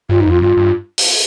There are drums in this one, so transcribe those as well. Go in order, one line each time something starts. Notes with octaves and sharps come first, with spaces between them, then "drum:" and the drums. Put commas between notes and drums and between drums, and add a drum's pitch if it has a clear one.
G2 F4
D#4
F2 F4
G2 F4
G2
drum: open hi-hat